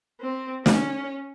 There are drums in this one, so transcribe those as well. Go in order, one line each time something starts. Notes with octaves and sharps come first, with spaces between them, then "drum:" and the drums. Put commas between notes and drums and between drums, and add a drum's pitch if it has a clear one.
C4
C#4, drum: snare